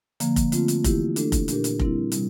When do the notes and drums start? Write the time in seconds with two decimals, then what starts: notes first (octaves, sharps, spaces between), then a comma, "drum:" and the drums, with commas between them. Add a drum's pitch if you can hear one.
0.20 D3 F3 A#3, drum: hi-hat
0.36 drum: kick F1, hi-hat
0.52 D3 A3 C4 F4, drum: hi-hat
0.68 drum: hi-hat
0.84 E3 A3 E4 G4, drum: kick F1, hi-hat
1.16 A3 D4 A4, drum: hi-hat
1.32 drum: kick F1, hi-hat
1.48 A#2 A3 D4 G4 A#4, drum: hi-hat
1.64 drum: hi-hat
1.80 G3 C4 E4, drum: kick F1
2.12 C3 G3, drum: hi-hat